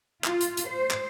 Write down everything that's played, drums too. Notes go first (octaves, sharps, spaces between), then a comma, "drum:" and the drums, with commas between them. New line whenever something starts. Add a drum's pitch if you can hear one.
F4, drum: clap
drum: hi-hat
drum: hi-hat
C5
drum: clap